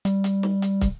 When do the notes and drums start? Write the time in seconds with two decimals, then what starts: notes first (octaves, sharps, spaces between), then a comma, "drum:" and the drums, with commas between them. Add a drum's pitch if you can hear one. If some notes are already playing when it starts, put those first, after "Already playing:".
0.05 G3, drum: hi-hat
0.24 drum: hi-hat
0.43 drum: snare
0.62 drum: hi-hat
0.81 drum: kick, hi-hat